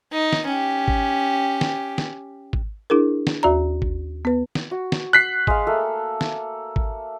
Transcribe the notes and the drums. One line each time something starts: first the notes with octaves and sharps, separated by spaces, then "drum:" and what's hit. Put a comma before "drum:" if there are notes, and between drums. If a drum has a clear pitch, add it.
D#4
drum: snare
C#4 G4
drum: kick G#1
drum: snare
drum: snare
drum: kick G#1
D4 E4 G#4 A#4
drum: snare
D#2 F#4 D5 A#5
drum: kick G#1
B3 B4
drum: snare
F#4
drum: snare
F#6 B6 C7
G#3 F5, drum: kick G#1
A3 A#3 A4
drum: snare
drum: kick G#1